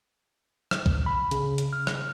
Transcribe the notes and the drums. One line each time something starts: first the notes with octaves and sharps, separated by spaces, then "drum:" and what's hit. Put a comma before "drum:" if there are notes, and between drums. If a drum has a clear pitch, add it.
drum: rim click
drum: kick B1
B5
C#3, drum: hi-hat
drum: hi-hat
F6
drum: rim click